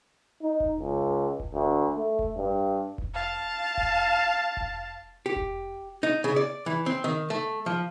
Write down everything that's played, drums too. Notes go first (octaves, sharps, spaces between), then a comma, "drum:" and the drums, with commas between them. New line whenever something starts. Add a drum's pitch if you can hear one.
D#4
drum: kick F1
C#2
drum: kick F1
D2
A3
drum: kick F1
G2
drum: kick F1
F5 A5
drum: kick F1
drum: kick F1
G4
drum: kick F1
D#4
C#3
D5
E3
C4
D#3
A3
F3